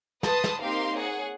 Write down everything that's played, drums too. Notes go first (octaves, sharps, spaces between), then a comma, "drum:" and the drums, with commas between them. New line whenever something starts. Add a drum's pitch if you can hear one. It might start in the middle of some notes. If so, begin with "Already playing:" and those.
B4 A5 C6 D#6, drum: snare
drum: snare
A#3 C4 D#4 G4 F5 C6
G#4 C#5 F#5